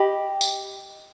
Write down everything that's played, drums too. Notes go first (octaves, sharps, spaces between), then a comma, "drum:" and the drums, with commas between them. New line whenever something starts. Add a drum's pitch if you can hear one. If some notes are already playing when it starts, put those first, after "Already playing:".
Already playing: G4 D#5 G5 B5
drum: tambourine